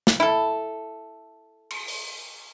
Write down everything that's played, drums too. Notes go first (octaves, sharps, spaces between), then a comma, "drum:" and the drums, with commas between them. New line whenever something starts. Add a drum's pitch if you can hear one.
drum: snare
E4 A4
drum: cymbal
drum: open hi-hat